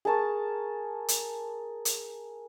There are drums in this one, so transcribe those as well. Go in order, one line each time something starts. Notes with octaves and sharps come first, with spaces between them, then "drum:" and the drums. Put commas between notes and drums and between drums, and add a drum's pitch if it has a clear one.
G#4 A#4 A5 C#6
drum: hi-hat
drum: hi-hat